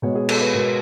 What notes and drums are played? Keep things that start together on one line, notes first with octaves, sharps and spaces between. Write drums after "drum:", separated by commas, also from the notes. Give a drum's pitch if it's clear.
B2 G#3 B3 C#5
G#4
A4, drum: cymbal
B4
B2 G#3 B3 A#4